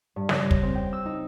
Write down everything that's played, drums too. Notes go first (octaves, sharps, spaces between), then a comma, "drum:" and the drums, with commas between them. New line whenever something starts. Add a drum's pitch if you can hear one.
G2
C#3, drum: snare
A#6
drum: kick
C4
G5
E6
D#4